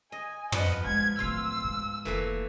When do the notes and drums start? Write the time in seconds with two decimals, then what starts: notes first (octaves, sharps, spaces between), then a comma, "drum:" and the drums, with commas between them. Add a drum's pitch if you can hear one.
0.12 D#5 G#5
0.52 F3 B3 D#5 F#5, drum: tom
0.84 G2 G#3 G#6
1.19 D1 D#3 F4 F5 E6
1.64 G#2
2.05 F1 E3 A3 A#3